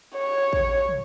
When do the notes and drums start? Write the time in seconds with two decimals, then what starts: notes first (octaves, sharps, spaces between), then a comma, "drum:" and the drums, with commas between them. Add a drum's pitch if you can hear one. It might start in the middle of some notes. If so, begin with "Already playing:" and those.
0.17 C#5
0.53 drum: kick A1
0.89 drum: tom